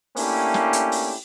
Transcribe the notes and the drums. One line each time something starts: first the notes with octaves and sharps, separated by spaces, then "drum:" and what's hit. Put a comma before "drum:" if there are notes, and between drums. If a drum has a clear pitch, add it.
A3 A#3 C#4 D4 E4 G4, drum: open hi-hat
drum: snare
drum: hi-hat
drum: open hi-hat